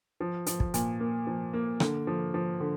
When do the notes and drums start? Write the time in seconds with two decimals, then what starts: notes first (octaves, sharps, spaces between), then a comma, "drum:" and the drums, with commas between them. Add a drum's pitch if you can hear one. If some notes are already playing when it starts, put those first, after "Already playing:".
0.20 F3
0.46 F3, drum: hi-hat
0.60 drum: kick
0.74 A#2, drum: hi-hat
1.00 A#3
1.27 F3
1.53 A#3
1.80 D3, drum: rim click
2.07 F3
2.34 F3
2.61 D3